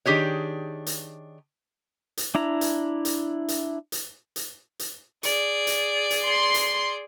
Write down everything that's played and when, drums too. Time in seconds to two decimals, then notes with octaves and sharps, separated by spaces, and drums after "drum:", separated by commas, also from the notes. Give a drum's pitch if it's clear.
0.06 D#3 D4 G4 G#4 C#5
0.86 drum: hi-hat
2.17 drum: hi-hat
2.35 D4 E4 A#5
2.61 drum: hi-hat
3.05 drum: hi-hat
3.48 drum: hi-hat
3.92 drum: hi-hat
4.36 drum: hi-hat
4.79 drum: hi-hat
5.23 G#4 D5, drum: hi-hat
5.67 drum: hi-hat
6.10 drum: hi-hat
6.25 C6
6.54 drum: hi-hat